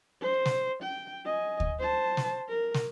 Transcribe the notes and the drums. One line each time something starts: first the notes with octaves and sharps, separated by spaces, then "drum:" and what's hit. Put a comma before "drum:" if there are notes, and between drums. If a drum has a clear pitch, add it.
C5
drum: snare
G5
D#5 G#5
drum: kick D2
C5 A5
drum: snare
A#4
drum: snare